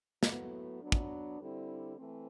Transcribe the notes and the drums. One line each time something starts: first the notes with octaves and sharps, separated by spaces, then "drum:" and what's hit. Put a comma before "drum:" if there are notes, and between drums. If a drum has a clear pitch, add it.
A2 F#3 B3, drum: snare
F#3 B3 D4
drum: kick
D3 G3 C4 E4
E3 A3 C4